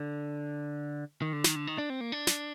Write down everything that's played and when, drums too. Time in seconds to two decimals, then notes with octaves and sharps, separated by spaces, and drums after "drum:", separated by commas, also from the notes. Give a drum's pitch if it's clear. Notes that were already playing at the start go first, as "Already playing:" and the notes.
Already playing: D3
1.22 D#3
1.33 D3
1.44 D#3, drum: snare
1.56 D3
1.67 D#3
1.78 D4
1.90 C4
2.01 A#3
2.12 D4
2.27 drum: snare